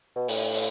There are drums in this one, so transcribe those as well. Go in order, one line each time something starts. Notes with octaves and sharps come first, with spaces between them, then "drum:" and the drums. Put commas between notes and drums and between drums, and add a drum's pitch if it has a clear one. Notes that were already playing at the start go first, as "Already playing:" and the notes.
B2
A2, drum: open hi-hat
drum: open hi-hat